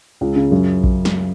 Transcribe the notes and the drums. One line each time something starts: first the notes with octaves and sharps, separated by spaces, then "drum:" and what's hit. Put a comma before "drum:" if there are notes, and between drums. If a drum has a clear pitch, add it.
C#2
C#3
F#2
drum: kick A#1
drum: snare